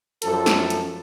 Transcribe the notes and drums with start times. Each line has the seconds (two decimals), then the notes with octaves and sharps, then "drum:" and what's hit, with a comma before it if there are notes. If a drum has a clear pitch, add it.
0.22 F#2 F3 A4, drum: hi-hat
0.46 drum: snare
0.70 drum: hi-hat